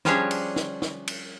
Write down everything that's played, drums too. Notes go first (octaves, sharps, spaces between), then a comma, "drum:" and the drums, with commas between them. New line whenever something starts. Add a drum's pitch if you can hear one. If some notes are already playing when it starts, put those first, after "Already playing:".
F3 G3 C#4 D4 G#4 C#5, drum: snare
drum: cymbal
drum: snare
drum: snare
drum: cymbal